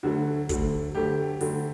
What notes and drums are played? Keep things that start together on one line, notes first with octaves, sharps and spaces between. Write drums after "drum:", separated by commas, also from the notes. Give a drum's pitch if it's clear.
D2 D3 F#3 A3 F#4
D2 D3 F#3 A3, drum: kick, hi-hat
D2 D3 F#3 A3 G4
D2 D3 F#3 A3, drum: open hi-hat